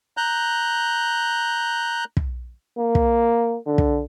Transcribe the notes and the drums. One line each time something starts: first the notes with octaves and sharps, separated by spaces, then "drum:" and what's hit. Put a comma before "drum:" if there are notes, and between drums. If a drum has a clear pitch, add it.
A#5 F#6 G6
drum: kick
A#3
drum: kick
D3
drum: kick